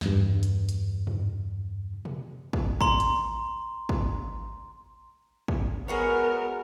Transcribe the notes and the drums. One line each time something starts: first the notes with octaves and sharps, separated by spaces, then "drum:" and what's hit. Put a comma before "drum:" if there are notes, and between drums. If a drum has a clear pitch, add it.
E2 G2, drum: snare
drum: hi-hat
drum: hi-hat
drum: tom G2
drum: tom B2
drum: kick
A#5 C6, drum: kick
drum: hi-hat
drum: kick
drum: kick
G#3 B3 F#4 A#4 C#5